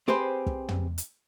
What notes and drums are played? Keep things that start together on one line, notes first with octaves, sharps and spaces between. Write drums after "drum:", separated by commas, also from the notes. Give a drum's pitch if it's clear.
C4 G4 G#4 B4 C5
drum: kick
drum: tom
drum: hi-hat